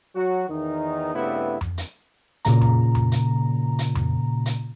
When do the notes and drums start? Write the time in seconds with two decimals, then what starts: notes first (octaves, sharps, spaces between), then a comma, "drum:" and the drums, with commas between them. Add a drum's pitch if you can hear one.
0.14 F#3 F#4
0.49 E2 D#3 D#4
1.14 G2 C#3 A3 B3 C4 E4
1.61 drum: tom F2
1.78 drum: hi-hat
2.45 A#2 C#3 A#5, drum: hi-hat
2.61 drum: tom F2
2.95 drum: tom F2
3.12 drum: hi-hat
3.79 drum: hi-hat
3.95 drum: tom F2
4.46 drum: hi-hat